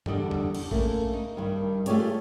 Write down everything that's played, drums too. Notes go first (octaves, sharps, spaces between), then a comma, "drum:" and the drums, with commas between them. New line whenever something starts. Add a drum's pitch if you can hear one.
E2 D3 G3 D4 D5 D#5, drum: tom
drum: tom E2
drum: cymbal
A3 A#3 C#4, drum: kick A1
D#4
G2 D#3 G3
A3 F4 G4 G#4 C#5 D5, drum: hi-hat